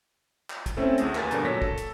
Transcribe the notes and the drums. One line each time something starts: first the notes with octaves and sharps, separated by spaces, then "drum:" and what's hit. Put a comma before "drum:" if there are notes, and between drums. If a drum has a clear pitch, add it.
drum: clap
drum: kick, hi-hat
A3 C4 C#4 E4 A4
D2 A3 G#4 A#6, drum: hi-hat
D#2 A#4 B4 G#5 A6 A#6, drum: clap
G2 B2 D3, drum: hi-hat
A#2 F#3 A4 C#5 A#6 B6
A4, drum: kick
drum: hi-hat